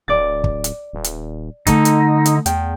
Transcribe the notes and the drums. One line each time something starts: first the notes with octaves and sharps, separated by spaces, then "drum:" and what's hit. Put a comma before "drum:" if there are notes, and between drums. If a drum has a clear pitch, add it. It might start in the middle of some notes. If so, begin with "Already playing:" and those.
D1 D5 A6
drum: kick
drum: hi-hat
D#1
drum: hi-hat
D3 A3 D#4, drum: kick, hi-hat
drum: hi-hat
drum: hi-hat
E2 G5, drum: hi-hat